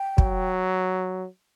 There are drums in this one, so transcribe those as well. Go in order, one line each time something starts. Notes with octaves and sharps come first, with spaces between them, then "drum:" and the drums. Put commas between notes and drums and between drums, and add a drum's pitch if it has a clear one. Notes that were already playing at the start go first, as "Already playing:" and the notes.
Already playing: G5
F#3, drum: kick